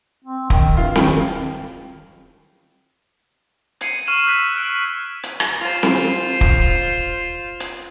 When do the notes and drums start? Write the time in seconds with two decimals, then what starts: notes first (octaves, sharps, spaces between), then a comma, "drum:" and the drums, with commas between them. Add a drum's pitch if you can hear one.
0.24 C4
0.50 D#3, drum: kick
0.77 G2 F4
0.96 D#3, drum: snare C4
3.81 G#6 C7 C#7 D#7, drum: hi-hat
4.07 C#6 F6 D#7 E7 F#7
4.24 C#6 E6 F#6 B6
4.56 F6 F#6 D7 F#7
5.23 drum: hi-hat
5.40 drum: rim click
5.59 F4 C5
5.83 drum: snare C4
6.41 drum: kick
7.60 drum: hi-hat